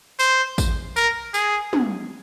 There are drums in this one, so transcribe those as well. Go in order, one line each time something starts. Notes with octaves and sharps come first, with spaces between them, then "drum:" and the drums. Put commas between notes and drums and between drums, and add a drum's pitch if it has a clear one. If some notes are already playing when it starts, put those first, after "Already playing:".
C5, drum: tambourine
drum: kick, tambourine
A#4, drum: tambourine
G#4, drum: tambourine
drum: tom